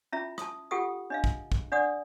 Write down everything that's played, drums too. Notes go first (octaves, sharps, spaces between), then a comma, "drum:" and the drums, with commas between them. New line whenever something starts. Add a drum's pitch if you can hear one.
C#4 E4 F4 E5 A#5
A5 D#6, drum: rim click
F4 G4 A4 F#5 G5 D#6
D4 D#5 F5
drum: kick
drum: kick
D4 D5 F#5 D#6